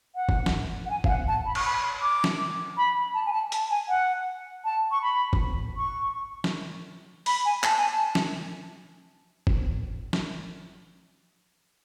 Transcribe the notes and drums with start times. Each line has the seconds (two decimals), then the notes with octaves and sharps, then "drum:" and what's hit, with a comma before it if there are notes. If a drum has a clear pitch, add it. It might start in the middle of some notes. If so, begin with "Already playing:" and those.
0.15 F#5
0.29 drum: kick
0.46 drum: snare
0.85 F#5
0.90 G#5
1.04 F5, drum: kick
1.08 F#5
1.28 A5
1.45 B5
1.55 C#6, drum: cymbal
1.65 B5
2.01 D6
2.24 drum: snare
2.77 B5
3.14 A5
3.25 G#5
3.32 A5
3.52 A5, drum: hi-hat
3.70 G#5
3.89 F#5
4.64 A5
4.91 C#6
5.02 B5
5.33 drum: kick
5.77 C#6
6.44 drum: snare
7.26 B5, drum: open hi-hat
7.45 G#5
7.64 A5, drum: clap
7.77 G#5
7.90 A5
8.15 drum: snare
9.47 drum: kick
10.13 drum: snare